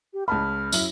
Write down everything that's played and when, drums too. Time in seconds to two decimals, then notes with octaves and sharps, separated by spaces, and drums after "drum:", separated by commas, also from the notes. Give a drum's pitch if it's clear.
0.13 G4
0.28 C#2 A5 B5 F6
0.72 F#2 E4 F#7, drum: tambourine